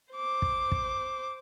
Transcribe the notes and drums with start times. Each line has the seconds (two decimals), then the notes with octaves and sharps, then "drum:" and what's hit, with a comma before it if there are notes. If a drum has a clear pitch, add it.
0.13 C5 D6
0.42 drum: kick
0.72 drum: kick